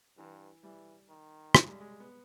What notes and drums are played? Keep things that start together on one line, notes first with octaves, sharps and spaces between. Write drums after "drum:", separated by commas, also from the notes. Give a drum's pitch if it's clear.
G2 E3
E3 G3
D#3
G#3, drum: rim click
G3
G#3
B3